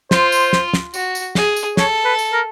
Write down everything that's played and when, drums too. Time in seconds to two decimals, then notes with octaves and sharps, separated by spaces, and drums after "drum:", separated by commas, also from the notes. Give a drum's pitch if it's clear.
0.11 F4 C5, drum: snare
0.32 drum: tambourine
0.53 drum: snare
0.74 drum: snare
0.94 F#4, drum: tambourine
1.15 drum: tambourine
1.35 G#4, drum: snare
1.56 drum: tambourine
1.77 A4 C#5, drum: snare
2.05 B4
2.19 drum: tambourine
2.33 A#4